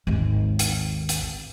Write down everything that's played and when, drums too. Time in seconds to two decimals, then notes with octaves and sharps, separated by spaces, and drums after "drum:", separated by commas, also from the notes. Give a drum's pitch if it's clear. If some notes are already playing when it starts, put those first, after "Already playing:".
0.07 G#1 D#2
0.59 drum: hi-hat
1.09 drum: hi-hat